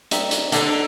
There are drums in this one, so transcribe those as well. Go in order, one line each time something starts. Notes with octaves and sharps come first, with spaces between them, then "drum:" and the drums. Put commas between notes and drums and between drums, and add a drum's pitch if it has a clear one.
G3 D#4 E5, drum: hi-hat
drum: hi-hat
D3 D4 D#4 A4, drum: hi-hat